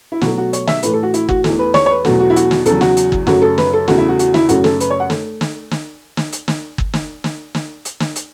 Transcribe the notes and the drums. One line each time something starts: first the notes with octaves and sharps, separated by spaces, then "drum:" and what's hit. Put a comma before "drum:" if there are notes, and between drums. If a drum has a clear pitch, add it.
E4
B2 F#3 A3 F#4, drum: snare
F#4
C#5, drum: hi-hat
E5, drum: snare
A2 E3 A3 B4, drum: hi-hat
A4
F#4
E4, drum: hi-hat
F#4, drum: kick
E2 E3 A3, drum: snare
B4
C#5, drum: snare
C#5
B4
E2 B2 F#3 A3 F#4, drum: snare
F#4
E4
F#4, drum: hi-hat
drum: snare
E2 C#3 F#3 A4, drum: hi-hat
F#4, drum: snare
drum: hi-hat
drum: kick
F#2 C#3 F#3 A3 F#4, drum: snare
A4
B4, drum: snare
A4
E2 C#3 A3 F#4, drum: snare
E4
F#4
F#4, drum: hi-hat
E4, drum: snare
F#2 C#3 A3 F#4, drum: hi-hat
A4, drum: snare
B4, drum: hi-hat
C#5
F#5
A3, drum: snare
drum: snare
drum: snare
drum: snare
drum: hi-hat
drum: snare
drum: kick
drum: snare
drum: snare
drum: snare
drum: hi-hat
drum: snare
drum: hi-hat